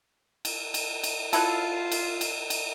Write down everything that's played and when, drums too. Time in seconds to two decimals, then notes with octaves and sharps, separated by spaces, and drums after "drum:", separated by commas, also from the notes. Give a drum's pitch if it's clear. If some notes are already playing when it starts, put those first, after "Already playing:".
0.45 drum: cymbal
0.74 drum: cymbal
1.03 drum: cymbal
1.33 F#3 E4 F4 A4, drum: cymbal
1.92 drum: cymbal
2.21 drum: cymbal
2.50 drum: cymbal